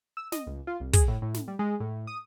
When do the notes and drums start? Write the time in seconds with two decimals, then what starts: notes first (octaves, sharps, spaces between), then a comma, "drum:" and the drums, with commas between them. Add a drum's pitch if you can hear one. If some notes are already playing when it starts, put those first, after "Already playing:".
0.17 E6
0.32 D#5, drum: snare
0.47 C#2
0.67 F4
0.80 C2
0.93 G#4, drum: kick, hi-hat
1.08 A2
1.22 A2
1.34 drum: snare
1.48 G3
1.59 G#3
1.80 A2
2.07 D#6